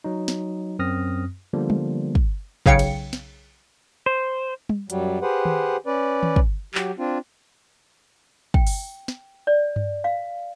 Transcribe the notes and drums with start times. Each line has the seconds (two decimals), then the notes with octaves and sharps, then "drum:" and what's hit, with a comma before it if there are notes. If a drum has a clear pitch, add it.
0.04 F#3 D#4
0.28 drum: snare
0.79 F#2 C4 D#6 F6 A#6
1.53 D3 F3 G3 A#3 B3
1.70 drum: tom G3
2.15 drum: kick
2.66 B1 C#3 C#5 F5 G5 C#7, drum: kick
2.79 drum: cymbal
3.13 drum: snare
4.06 C5
4.69 drum: tom G3
4.90 F#2 F#3 G3, drum: hi-hat
5.22 G4 G#4 B4 C5 F#5
5.45 drum: tom D#3
5.86 C#4 B4 D5
6.23 drum: tom D#3
6.36 drum: kick
6.74 F#3 G4, drum: clap
6.99 C4 D4 F4
8.54 G5, drum: kick
8.67 drum: open hi-hat
9.08 drum: snare
9.47 D5
9.76 drum: tom G2
10.04 F5